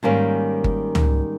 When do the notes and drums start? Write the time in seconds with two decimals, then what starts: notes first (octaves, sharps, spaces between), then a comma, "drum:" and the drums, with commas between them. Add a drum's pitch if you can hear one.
0.03 G#2 D#3 G3 A#3 C#4
0.64 drum: kick G1
0.95 drum: tom C#2